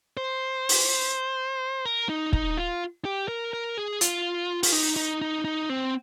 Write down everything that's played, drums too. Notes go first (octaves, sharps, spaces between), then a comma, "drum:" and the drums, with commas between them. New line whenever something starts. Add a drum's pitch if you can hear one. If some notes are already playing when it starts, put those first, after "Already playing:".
C5
drum: open hi-hat
A#4
D#4
D#4, drum: kick
F4
G4
A#4
A#4
G#4
F4, drum: hi-hat
F4, drum: open hi-hat
D#4
D#4
D#4
D#4
C4